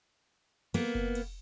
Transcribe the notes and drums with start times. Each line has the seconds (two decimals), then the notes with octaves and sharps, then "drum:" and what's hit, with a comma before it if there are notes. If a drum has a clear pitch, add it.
0.74 A#3 B3, drum: cymbal
0.95 drum: kick F#1
1.15 drum: cymbal